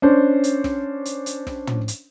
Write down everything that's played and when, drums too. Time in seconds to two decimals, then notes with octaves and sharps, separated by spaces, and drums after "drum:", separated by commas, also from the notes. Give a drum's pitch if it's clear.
0.02 C#4 D4 C5
0.44 drum: hi-hat
0.64 drum: snare
1.05 drum: hi-hat
1.26 drum: hi-hat
1.47 drum: snare
1.67 drum: tom
1.88 drum: hi-hat